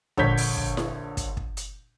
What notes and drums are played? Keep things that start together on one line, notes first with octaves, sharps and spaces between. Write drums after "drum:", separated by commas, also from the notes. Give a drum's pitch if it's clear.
A#1 D3 C#5 G6 B6, drum: kick
drum: open hi-hat
drum: kick
drum: snare E4
drum: kick, hi-hat
drum: kick
drum: hi-hat